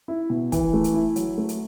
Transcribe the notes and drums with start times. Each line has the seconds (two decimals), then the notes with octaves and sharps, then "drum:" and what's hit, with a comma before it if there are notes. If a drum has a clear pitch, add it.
0.08 E4
0.30 B2
0.52 E3, drum: kick, hi-hat
0.74 A3
0.84 drum: hi-hat
0.94 E4
1.16 F#3, drum: hi-hat
1.38 A3
1.49 drum: hi-hat